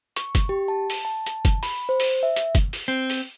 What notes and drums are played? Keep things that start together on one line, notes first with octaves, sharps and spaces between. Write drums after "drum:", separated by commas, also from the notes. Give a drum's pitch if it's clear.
C#6, drum: hi-hat
drum: kick F#1, hi-hat
G4
A5
drum: open hi-hat
A5
drum: hi-hat
drum: kick F#1, hi-hat
B5, drum: open hi-hat
C5
drum: open hi-hat
E5
drum: hi-hat
drum: kick F#1, hi-hat
drum: open hi-hat
C4
drum: open hi-hat